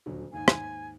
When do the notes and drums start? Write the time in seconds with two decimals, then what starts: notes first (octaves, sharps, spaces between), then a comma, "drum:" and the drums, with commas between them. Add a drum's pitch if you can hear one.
0.06 D#1 D2 F#3
0.33 D#2 G#2 G#5
0.48 drum: rim click